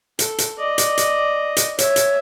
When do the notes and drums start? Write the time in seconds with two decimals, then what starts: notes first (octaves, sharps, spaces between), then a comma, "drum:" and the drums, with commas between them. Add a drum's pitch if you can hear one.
0.19 A4, drum: hi-hat
0.38 drum: hi-hat
0.59 D5 D#5
0.78 drum: hi-hat
0.97 drum: hi-hat
1.57 drum: hi-hat
1.79 C#5 E5, drum: hi-hat
1.96 drum: hi-hat